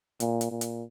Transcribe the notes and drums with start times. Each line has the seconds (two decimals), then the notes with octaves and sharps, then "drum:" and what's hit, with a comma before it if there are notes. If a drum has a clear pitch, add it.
0.20 A#2, drum: hi-hat
0.41 drum: hi-hat
0.51 A#2
0.61 drum: hi-hat